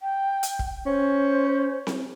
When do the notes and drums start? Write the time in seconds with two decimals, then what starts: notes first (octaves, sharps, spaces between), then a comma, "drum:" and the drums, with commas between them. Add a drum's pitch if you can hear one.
0.01 G5
0.43 drum: hi-hat
0.59 drum: kick
0.86 C#4 C5
1.87 drum: snare C4